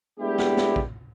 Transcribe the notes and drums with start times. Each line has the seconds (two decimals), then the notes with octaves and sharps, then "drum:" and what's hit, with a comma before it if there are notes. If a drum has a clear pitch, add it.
0.19 G#3 A3 B3 D4 E4 G4
0.38 drum: snare
0.57 drum: snare
0.76 drum: kick